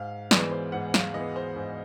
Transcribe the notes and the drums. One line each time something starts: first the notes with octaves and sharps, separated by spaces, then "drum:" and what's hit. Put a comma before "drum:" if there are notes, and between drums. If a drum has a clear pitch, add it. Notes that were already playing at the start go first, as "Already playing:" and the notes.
Already playing: G#2 F5
E3 G#3 B3 D5, drum: snare
C5
G#2 F#5
F5, drum: snare
E3 G#3 B3 D#5
C5
G#2